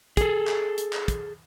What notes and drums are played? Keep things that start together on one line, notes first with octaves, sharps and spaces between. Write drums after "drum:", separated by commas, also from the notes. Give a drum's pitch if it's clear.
G#4 A4, drum: kick, hi-hat
drum: clap
drum: hi-hat
drum: clap
drum: kick, hi-hat